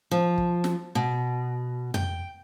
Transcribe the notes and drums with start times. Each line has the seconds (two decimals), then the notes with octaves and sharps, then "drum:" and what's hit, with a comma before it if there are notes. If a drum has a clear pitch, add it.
0.11 F3
0.38 drum: kick
0.64 drum: snare
0.95 B2
1.94 G5, drum: tom F2